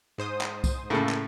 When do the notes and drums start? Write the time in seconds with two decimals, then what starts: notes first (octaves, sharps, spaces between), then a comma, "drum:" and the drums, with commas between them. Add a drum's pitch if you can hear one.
0.18 G#2 C5 D#6
0.41 drum: clap
0.64 drum: kick C2, tambourine
0.90 A2 C#3 A#3 A4
1.09 drum: clap